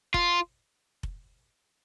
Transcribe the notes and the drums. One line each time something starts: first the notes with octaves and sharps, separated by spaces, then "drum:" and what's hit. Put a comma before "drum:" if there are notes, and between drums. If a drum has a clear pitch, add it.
F4, drum: kick F1
drum: kick F1